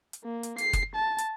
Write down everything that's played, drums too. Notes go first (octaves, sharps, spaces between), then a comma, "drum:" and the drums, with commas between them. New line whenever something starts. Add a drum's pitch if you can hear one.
drum: hi-hat
A#3
drum: hi-hat
C7, drum: hi-hat
drum: kick F#1, hi-hat
A5
drum: hi-hat